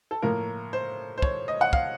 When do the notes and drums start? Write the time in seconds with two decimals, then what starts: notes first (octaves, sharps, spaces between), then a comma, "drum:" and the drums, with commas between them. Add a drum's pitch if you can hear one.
0.11 A4
0.22 A2 F3 A#3 A#4
0.73 C5
1.18 C5
1.22 C#5, drum: kick
1.48 D#5
1.61 F#5
1.73 F5, drum: kick